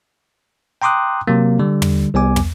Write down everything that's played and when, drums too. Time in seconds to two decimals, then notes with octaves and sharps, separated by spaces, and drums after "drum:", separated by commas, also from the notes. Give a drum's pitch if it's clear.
0.82 G5 A#5 C6 D6 D#6 F#6
1.27 C3 F#3 A#3
1.59 D3 G3
1.82 drum: tom
2.14 C2 G3 B3 G#5 D6
2.36 drum: tom